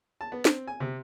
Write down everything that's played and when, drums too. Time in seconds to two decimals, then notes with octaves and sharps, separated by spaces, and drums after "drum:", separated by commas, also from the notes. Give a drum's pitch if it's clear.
0.21 A5
0.32 B3
0.45 C4, drum: snare
0.67 G#5
0.80 C3